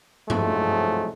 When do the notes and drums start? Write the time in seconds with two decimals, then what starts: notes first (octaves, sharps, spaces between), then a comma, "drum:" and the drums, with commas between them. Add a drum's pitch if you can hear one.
0.30 C2 G#2 F3 F#3 G#3 A3, drum: tom